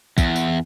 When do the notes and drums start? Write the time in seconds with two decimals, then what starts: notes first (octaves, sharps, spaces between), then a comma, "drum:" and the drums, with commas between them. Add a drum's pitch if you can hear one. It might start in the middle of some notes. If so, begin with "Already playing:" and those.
0.18 E2, drum: kick, tambourine
0.36 drum: tambourine